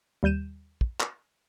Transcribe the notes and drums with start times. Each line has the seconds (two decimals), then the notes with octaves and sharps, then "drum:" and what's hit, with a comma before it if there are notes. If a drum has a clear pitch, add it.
0.23 D#2 G3 G6 D#7 E7
0.81 drum: kick
1.00 drum: clap